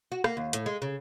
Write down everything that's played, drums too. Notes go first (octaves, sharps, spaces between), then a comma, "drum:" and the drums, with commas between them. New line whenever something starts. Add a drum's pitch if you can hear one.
F#4
A#3, drum: rim click
D#2
A2, drum: hi-hat
G#3
C#3